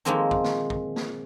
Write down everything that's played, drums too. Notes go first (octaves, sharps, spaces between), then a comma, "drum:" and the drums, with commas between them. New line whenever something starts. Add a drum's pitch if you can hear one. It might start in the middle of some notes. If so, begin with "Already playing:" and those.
D#3 F3 G#3 A#3 C4 D#4
drum: kick
drum: snare
drum: kick
drum: snare